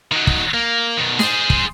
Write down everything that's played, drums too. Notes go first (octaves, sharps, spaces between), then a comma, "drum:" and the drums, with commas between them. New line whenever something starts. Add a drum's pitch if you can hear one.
D#3 F#3
drum: kick
A#3
B2 D#3
G#4 C5, drum: snare
drum: kick